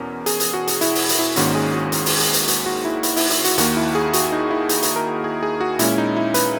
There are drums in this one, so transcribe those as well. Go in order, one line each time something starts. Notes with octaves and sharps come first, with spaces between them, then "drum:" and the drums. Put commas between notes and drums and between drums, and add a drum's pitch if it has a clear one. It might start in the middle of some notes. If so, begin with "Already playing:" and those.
Already playing: E2 B2 C#4 A#4
G#4, drum: hi-hat
drum: hi-hat
F#4
drum: hi-hat
E4, drum: hi-hat
drum: open hi-hat
drum: hi-hat
E4
G#1 G#2 D#3 A#3 C#4 F#4, drum: hi-hat
G#4
F#4
drum: hi-hat
drum: open hi-hat
drum: hi-hat
drum: hi-hat
F#4, drum: hi-hat
F#4
E4
E4, drum: hi-hat
E4, drum: open hi-hat
E4, drum: hi-hat
F#4, drum: hi-hat
D#2 D#3 A#3 F#4, drum: hi-hat
E4
G#4
F#4, drum: hi-hat
D#4
E4
G#4, drum: hi-hat
drum: hi-hat
A#4
G#4
G#4
F#4
A#2 G#3 C#4 E4, drum: hi-hat
D#4
E4
B4, drum: hi-hat